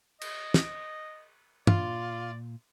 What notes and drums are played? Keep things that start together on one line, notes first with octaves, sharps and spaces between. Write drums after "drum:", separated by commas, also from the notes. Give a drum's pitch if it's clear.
D#5, drum: cymbal
drum: snare
A#2 F4 D5, drum: tom